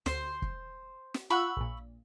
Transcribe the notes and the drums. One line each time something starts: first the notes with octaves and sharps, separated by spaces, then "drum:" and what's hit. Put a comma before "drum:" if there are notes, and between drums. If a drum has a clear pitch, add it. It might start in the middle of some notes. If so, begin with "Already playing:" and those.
D2 C5, drum: snare
drum: kick
drum: snare
F4 F#5 B5 C#6 E6 F#6
A#1 A#2